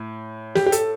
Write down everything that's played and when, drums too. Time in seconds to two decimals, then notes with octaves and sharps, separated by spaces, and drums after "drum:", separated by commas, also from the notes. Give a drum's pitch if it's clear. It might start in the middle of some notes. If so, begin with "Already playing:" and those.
Already playing: A2
0.55 G4, drum: snare
0.66 G4
0.72 A4, drum: hi-hat